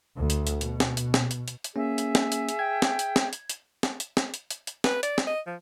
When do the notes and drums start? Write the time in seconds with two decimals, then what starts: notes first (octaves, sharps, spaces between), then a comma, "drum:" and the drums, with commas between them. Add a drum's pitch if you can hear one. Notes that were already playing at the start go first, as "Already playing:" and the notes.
0.16 D2
0.30 drum: hi-hat
0.47 drum: hi-hat
0.61 B2, drum: hi-hat
0.80 drum: snare
0.97 drum: hi-hat
1.14 drum: snare
1.31 drum: hi-hat
1.48 drum: hi-hat
1.64 drum: hi-hat
1.76 A#3 C#4 G#4 E5
1.98 drum: hi-hat
2.15 drum: snare
2.32 drum: hi-hat
2.49 drum: hi-hat
2.59 G5 G#6
2.82 drum: snare
2.99 drum: hi-hat
3.16 drum: snare
3.33 drum: hi-hat
3.50 drum: hi-hat
3.83 drum: snare
4.00 drum: hi-hat
4.17 drum: snare
4.34 drum: hi-hat
4.50 drum: hi-hat
4.67 drum: hi-hat
4.84 B4, drum: snare
5.03 D5, drum: hi-hat
5.18 drum: snare
5.27 D#5
5.46 F3